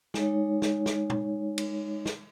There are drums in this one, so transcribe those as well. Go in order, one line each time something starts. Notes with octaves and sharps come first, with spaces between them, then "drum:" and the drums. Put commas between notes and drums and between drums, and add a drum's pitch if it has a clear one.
G#3 D#4 C#5, drum: snare
drum: snare
drum: snare
drum: tom
drum: cymbal
drum: snare